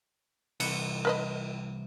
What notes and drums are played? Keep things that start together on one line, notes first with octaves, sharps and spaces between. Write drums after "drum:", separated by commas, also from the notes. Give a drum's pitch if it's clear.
C2 E3 F#5, drum: cymbal
A#4 B4 D#5